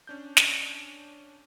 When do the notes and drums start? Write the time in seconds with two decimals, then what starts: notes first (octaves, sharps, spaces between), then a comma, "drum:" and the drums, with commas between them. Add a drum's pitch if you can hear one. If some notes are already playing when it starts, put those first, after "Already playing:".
0.07 C#4 D4 G6
0.37 drum: snare